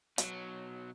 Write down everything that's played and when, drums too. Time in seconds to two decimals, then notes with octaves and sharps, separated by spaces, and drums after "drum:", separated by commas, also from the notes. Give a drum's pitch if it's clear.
0.18 B1 F#3, drum: hi-hat